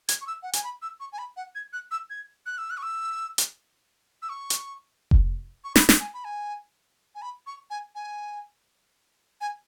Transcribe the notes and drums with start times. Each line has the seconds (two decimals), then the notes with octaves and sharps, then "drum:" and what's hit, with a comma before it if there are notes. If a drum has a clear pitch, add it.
0.09 G#6, drum: hi-hat
0.21 C#6
0.27 E6
0.43 F#5
0.53 G#5, drum: hi-hat
0.64 B5
0.82 E6
1.00 C#6
1.13 G#5
1.18 B5
1.37 F#5
1.55 G#6
1.73 F#6
1.91 E6
2.10 G#6
2.46 F#6
2.58 E6
2.70 F#6
2.77 C#6
2.83 E6
3.38 drum: hi-hat
4.22 E6
4.29 C#6
4.50 drum: hi-hat
5.11 drum: kick F1
5.64 C#6
5.76 B5, drum: snare
5.89 drum: snare
6.00 G#5
6.14 B5
6.25 G#5
7.15 G#5
7.22 B5
7.47 C#6
7.70 G#5
7.95 G#5
9.41 G#5